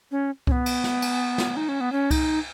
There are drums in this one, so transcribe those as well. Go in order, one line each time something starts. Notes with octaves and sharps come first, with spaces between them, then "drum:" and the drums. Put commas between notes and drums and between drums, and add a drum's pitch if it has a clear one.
C#4
C#4, drum: kick C2
B3
drum: cymbal
drum: snare
drum: cymbal
drum: snare
D#4
C#4
B3
C#4
D#4, drum: kick C2, cymbal